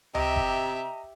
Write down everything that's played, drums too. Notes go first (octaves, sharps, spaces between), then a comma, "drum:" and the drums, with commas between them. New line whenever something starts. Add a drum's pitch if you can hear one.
C3 G4 D#5 E5 A#5, drum: tom C#2
drum: kick F1